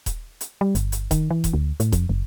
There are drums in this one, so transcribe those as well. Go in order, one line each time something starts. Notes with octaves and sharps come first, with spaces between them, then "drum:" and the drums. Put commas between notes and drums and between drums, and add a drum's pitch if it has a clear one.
drum: kick D#1, hi-hat
drum: hi-hat
G3
G1, drum: hi-hat
drum: hi-hat
D#3, drum: kick D#1, hi-hat
E3
drum: kick D#1, hi-hat
D2
A2, drum: hi-hat
F2, drum: kick D#1, hi-hat
F#1